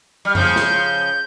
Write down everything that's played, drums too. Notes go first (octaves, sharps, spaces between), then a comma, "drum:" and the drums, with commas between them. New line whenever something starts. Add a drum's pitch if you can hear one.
G3 F6
C#3 F3 G6, drum: tom F#2
drum: snare